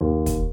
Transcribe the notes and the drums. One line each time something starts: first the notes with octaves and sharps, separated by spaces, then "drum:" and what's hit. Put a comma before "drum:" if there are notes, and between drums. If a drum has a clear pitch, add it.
D#2
drum: kick, hi-hat